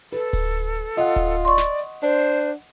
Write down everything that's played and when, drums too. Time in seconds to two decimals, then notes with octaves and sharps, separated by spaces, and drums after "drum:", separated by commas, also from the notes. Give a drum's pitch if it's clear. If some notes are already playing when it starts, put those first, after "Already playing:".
0.12 A4 B4, drum: hi-hat
0.33 drum: kick D1, open hi-hat
0.54 drum: hi-hat
0.75 drum: hi-hat
0.97 F4 D#5 F#5, drum: hi-hat
1.16 drum: kick D1, hi-hat
1.45 D5 C6 C#6
1.58 drum: snare
1.78 drum: hi-hat
2.03 D4 C5
2.20 drum: hi-hat
2.41 drum: hi-hat